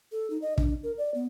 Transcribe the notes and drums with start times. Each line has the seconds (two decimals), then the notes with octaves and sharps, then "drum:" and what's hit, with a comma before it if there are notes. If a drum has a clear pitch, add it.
0.12 A4
0.30 D#4
0.42 D#5
0.58 D4, drum: kick
0.83 A#4
0.98 D5
1.14 B3